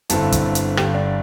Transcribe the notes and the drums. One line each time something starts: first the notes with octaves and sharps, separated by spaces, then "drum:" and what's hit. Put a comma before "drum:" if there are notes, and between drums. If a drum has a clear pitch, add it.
G1 G2 D3 C4 E4 A4 A5, drum: hi-hat
drum: kick, hi-hat
drum: hi-hat
G1 G2 D3 G4 G5, drum: rim click
D4 D5